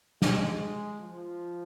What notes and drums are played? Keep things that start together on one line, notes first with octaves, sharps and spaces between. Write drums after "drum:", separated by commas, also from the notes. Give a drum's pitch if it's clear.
G#3, drum: snare
F3